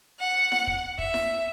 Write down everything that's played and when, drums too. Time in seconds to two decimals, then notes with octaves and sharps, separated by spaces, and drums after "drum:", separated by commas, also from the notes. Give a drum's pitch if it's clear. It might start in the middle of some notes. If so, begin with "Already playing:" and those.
0.20 F#5
0.52 drum: snare E4
0.67 drum: kick
0.98 E5, drum: kick
1.14 drum: snare E4